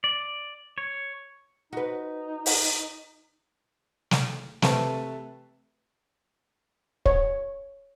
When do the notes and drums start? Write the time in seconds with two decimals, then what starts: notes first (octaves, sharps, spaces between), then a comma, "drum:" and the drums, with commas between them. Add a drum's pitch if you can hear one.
0.04 D5
0.78 C#5
1.73 D#4 F#4 B4
2.46 drum: open hi-hat
4.11 drum: snare
4.62 C3 A3 B4 E5 A5 C#6, drum: snare
7.06 C#5, drum: kick